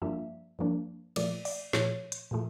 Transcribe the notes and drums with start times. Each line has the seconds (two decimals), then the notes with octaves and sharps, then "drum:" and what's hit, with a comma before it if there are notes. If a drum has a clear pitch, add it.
0.02 G2 F3 A#3 D4 E5
0.59 G2 F3 A#3 D4
1.16 A#2 F3 A3 D5, drum: cymbal
1.45 D5, drum: open hi-hat
1.73 A#2 F3 A3 C#5, drum: snare
2.12 drum: hi-hat
2.31 A#2 F3 A3